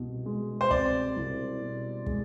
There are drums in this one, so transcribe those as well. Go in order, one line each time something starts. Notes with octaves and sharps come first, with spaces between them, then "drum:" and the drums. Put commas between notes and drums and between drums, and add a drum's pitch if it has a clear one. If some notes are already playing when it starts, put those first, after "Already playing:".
Already playing: C2 B2
G#3
C5
C4 D5, drum: kick
C2
B2
G#3, drum: kick